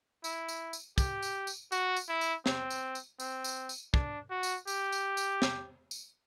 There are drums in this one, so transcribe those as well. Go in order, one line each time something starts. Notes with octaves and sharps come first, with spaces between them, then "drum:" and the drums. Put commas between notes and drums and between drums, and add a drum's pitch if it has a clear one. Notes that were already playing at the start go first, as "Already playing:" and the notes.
E4, drum: tambourine
drum: tambourine
drum: tambourine
G4, drum: kick, tambourine
drum: tambourine
drum: tambourine
F#4, drum: tambourine
drum: tambourine
E4
drum: tambourine
C4, drum: snare
drum: tambourine
drum: tambourine
C4, drum: tambourine
drum: tambourine
drum: tambourine
D4, drum: kick
F#4
drum: tambourine
G4, drum: tambourine
drum: tambourine
drum: tambourine
drum: snare
drum: tambourine